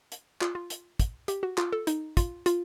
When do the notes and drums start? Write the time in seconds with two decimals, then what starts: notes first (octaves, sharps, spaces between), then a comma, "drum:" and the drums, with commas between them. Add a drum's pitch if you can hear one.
0.12 drum: hi-hat
0.41 F4, drum: clap
0.55 F4
0.70 drum: hi-hat
0.99 drum: kick, hi-hat
1.28 G4, drum: hi-hat
1.43 F#4
1.58 F4, drum: clap
1.72 A4
1.87 D#4, drum: hi-hat
2.17 F4, drum: kick, hi-hat
2.46 F4, drum: hi-hat